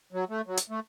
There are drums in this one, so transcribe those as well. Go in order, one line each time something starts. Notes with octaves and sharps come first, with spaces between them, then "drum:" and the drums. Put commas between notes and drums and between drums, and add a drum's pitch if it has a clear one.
F#3
A3
F#3
drum: hi-hat
A3